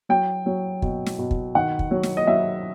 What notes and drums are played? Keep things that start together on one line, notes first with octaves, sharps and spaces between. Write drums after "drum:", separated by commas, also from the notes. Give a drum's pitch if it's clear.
F#3 G5
F#3
B2, drum: kick
drum: snare
B2
drum: kick
D#3 F#5
drum: kick
F#3
drum: snare
D#5
F#3 E5